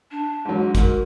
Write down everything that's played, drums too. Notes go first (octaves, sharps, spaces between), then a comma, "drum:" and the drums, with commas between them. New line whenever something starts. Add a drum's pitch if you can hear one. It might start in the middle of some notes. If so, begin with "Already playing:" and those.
D4
G#2 F#3
A#4, drum: kick, hi-hat